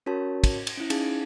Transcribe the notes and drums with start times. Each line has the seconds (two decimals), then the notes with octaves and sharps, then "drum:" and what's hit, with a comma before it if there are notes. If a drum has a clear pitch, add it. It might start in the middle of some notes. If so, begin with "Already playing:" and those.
0.06 C#4 F#4 G4 A#4 C#5 A5
0.44 drum: kick, cymbal
0.67 drum: cymbal
0.77 C#4 E4
0.90 C#4 D#4 G#4 F5 A5, drum: cymbal